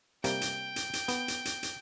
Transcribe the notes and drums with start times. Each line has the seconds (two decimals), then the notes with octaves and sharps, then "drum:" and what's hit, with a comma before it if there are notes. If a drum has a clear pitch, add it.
0.24 C3 G3 A#3 G5, drum: hi-hat
0.41 drum: hi-hat
0.76 drum: hi-hat
0.93 drum: hi-hat
1.08 B3, drum: hi-hat
1.28 drum: hi-hat
1.45 drum: hi-hat
1.63 drum: hi-hat